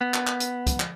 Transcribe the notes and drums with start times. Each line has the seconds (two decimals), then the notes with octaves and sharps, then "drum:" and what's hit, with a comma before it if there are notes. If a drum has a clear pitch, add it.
0.01 B3
0.14 drum: clap
0.27 drum: clap
0.40 drum: hi-hat
0.67 drum: kick, hi-hat
0.80 drum: clap